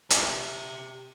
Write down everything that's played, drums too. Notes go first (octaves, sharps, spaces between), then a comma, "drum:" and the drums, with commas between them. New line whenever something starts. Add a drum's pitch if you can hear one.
G4 E5, drum: hi-hat